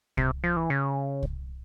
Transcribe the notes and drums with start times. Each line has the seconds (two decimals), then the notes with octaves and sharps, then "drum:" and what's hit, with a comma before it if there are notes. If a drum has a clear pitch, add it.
0.17 C3, drum: kick C2
0.44 F3
0.56 E3
0.70 C#3
1.22 drum: kick C2